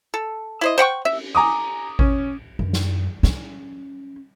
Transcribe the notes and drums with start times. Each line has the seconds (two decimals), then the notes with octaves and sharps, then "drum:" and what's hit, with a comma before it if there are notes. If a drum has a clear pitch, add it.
0.14 A4
0.61 E4 C5 D#5
0.78 C5 F#5 G5 C#6
1.05 E5, drum: cymbal
1.35 G#5 A#5 D6 D#6
1.99 C#4, drum: kick G#1
2.59 F#2, drum: tom D#3
2.73 drum: snare
3.23 C#4, drum: snare